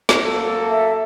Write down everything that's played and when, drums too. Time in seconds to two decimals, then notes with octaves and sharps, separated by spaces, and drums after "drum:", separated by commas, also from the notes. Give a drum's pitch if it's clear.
0.09 drum: snare
0.23 F#2 A#3 A4
0.69 E5